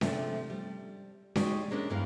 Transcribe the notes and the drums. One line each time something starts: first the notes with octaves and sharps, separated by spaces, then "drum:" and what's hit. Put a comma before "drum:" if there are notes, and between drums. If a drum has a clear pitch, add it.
C3 F3 A3 D4, drum: snare C#4
G3
G#3 C#4 D#4 F#4 G4 D5, drum: snare C#4
G#3 A#3 C#4 D4
E2 G2 E3 B3 A#4 F5